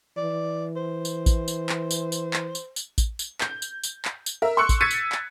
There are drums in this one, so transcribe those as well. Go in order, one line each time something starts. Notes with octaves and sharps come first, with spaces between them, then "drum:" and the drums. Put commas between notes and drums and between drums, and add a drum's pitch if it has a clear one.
E3 D5
C5
drum: tambourine
drum: kick A1, tambourine
drum: tambourine
drum: clap
drum: tambourine
drum: tambourine
drum: clap
drum: tambourine
drum: tambourine
drum: kick A1, tambourine
drum: tambourine
G6, drum: clap
drum: tambourine
drum: tambourine
drum: clap
drum: tambourine
A#4 E5
C6 C#6 E6 F#6 C#7
drum: kick A1, tambourine
E6 G#6 A6 B6 C#7 D#7
drum: tambourine
drum: clap